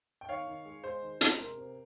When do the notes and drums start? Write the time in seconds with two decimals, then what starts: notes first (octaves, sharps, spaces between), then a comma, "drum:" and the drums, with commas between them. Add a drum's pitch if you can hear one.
0.21 G5
0.29 D#3 C#5 F5
0.47 D#3
0.65 G#3
0.84 G#3 C5
1.02 D#3
1.21 G#3, drum: hi-hat
1.39 C3 A#4
1.57 C3